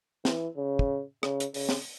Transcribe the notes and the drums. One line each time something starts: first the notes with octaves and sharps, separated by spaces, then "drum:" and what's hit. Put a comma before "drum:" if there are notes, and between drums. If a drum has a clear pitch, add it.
E3, drum: snare
C#3
drum: kick
C#3, drum: rim click
drum: hi-hat
C#3, drum: open hi-hat
drum: snare